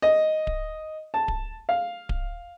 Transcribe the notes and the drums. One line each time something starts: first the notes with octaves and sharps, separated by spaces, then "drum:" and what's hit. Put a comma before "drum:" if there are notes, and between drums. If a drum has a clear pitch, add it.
D#5
drum: kick D1
A5
drum: kick D1
F5
drum: kick D1